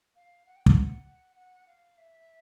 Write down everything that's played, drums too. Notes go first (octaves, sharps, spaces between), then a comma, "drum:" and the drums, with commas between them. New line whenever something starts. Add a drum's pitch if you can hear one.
F5
F#5
G5
F#5, drum: kick
F#5
F5
E5